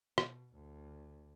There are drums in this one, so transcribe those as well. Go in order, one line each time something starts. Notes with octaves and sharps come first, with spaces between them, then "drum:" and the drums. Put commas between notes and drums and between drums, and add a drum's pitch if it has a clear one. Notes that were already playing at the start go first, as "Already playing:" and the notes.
B2, drum: rim click
D2